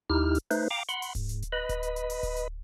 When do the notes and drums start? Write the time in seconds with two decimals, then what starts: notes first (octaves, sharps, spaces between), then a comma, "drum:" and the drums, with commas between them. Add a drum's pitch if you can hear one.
0.10 D#2 D#4 E4 G4 F6
0.35 drum: hi-hat
0.51 A3 D#4 B4 C5, drum: open hi-hat
0.70 F5 G5 A#5 D6
0.89 F#5 B5 C6, drum: hi-hat
1.02 drum: open hi-hat
1.15 G#2, drum: kick D1, hi-hat
1.29 drum: hi-hat
1.42 drum: hi-hat
1.52 B4 D#5 B5
1.69 drum: kick D1, hi-hat
1.83 drum: hi-hat
1.96 drum: hi-hat
2.10 drum: open hi-hat
2.23 drum: kick D1, hi-hat
2.36 drum: hi-hat